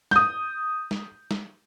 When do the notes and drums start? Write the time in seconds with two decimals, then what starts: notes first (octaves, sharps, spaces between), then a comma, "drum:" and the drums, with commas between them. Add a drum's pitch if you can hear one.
0.11 D#6 G6, drum: snare
0.91 drum: snare
1.31 drum: snare